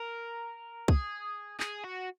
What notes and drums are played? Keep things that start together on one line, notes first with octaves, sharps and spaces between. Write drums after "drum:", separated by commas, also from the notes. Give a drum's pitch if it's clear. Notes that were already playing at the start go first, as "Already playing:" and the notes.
Already playing: A#4
G#4, drum: kick
G#4, drum: clap
F#4